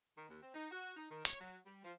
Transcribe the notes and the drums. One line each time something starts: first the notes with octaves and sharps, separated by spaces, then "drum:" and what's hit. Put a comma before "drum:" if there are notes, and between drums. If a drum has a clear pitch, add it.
D#3
D#2
C4
D#4
F#4
D#4
D#3
C#5, drum: hi-hat
F#3
G3
F3